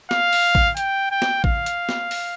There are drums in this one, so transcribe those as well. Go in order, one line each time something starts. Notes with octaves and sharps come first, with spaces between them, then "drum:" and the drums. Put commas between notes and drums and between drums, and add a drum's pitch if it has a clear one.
F5, drum: snare
drum: open hi-hat
drum: kick A1
G5, drum: hi-hat
G5
drum: snare
F5, drum: kick A1
drum: hi-hat
drum: snare
drum: open hi-hat